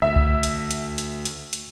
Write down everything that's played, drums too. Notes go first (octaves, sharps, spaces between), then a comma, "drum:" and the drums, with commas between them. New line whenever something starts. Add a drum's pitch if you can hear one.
D2 E5
drum: kick C#2
drum: hi-hat
drum: hi-hat
drum: hi-hat
drum: hi-hat
drum: hi-hat